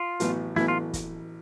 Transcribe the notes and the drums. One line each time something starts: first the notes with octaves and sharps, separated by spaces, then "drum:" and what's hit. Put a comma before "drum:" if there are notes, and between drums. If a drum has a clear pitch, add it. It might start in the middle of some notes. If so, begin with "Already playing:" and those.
Already playing: F4
A1 A2 F#3 B3, drum: hi-hat
A1 A2 F#3 B3 E4, drum: snare
F4
drum: kick, hi-hat